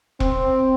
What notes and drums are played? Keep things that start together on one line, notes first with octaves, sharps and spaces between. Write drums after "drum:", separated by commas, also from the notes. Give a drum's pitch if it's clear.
C4, drum: kick E1